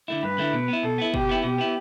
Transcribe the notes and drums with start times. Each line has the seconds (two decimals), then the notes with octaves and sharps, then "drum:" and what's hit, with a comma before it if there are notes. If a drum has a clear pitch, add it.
0.08 D3 A3 E4
0.23 G2 B4
0.38 D3 A3 E4
0.53 B2
0.68 B3 E4
0.83 B2 A4
0.98 B3 E4
1.14 B2 G4, drum: kick
1.29 B3 E4
1.44 B2 G4
1.58 B3 E4